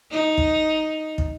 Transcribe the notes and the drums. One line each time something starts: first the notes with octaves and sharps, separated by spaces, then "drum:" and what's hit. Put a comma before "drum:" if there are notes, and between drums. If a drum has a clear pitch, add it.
D#4
drum: kick
drum: kick